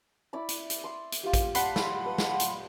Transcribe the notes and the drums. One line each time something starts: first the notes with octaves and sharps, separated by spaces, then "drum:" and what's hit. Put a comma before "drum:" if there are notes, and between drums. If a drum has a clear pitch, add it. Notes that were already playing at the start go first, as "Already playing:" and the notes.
E4 D5 B5
drum: hi-hat
drum: hi-hat
C6
drum: hi-hat
F4 G4
drum: kick A1, hi-hat
D4 F#5 B5 C6, drum: hi-hat
drum: snare
B4
drum: snare
drum: hi-hat